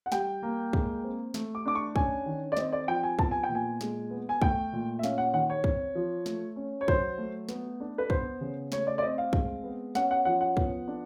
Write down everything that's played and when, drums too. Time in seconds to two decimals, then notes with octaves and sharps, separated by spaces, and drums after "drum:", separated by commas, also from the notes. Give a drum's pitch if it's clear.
0.06 F#5
0.12 G3 G5, drum: snare
0.43 A#3
0.73 G#3, drum: kick
1.04 C4
1.34 A3, drum: snare
1.55 D6
1.66 D4 D6
1.75 C#6
1.96 C#4 G#5, drum: kick
2.26 D#3
2.52 D5
2.57 C4 D#5, drum: snare
2.73 D5
2.88 F3 G5
3.03 G#5
3.19 B3 A5, drum: kick
3.31 G#5
3.43 G5
3.49 A#2
3.55 G#5
3.81 G#3, drum: snare
4.10 B3
4.29 G#5
4.42 A3 G5, drum: kick
4.73 A#2
4.99 E5
5.03 C#4 F5, drum: snare
5.18 F#5
5.33 D#3 F#5
5.50 C#5
5.64 C4, drum: kick
5.95 F3
6.26 A3, drum: snare
6.56 C#4
6.81 C#5
6.88 F#3 C5, drum: kick
7.18 A3
7.49 B3, drum: snare
7.80 D4
7.98 B4
8.10 B3 C5, drum: kick
8.41 C#3
8.72 A3 C#5, drum: snare
8.87 D5
8.98 D5
9.02 C4 D#5
9.18 F5
9.33 G#3, drum: kick
9.64 B3
9.95 C#4 F#5, drum: snare
10.11 F#5
10.25 F3 F#5
10.41 F#5
10.57 B3, drum: kick
10.88 D4